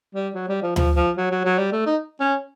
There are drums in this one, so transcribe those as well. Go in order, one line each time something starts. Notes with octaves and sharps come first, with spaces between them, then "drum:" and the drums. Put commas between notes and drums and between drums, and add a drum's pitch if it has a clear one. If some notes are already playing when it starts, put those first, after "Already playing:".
G3
F#3
G3
F3
F3, drum: tom D2
F3
F#3
F#3
F#3
G3
A3
D#4
C#4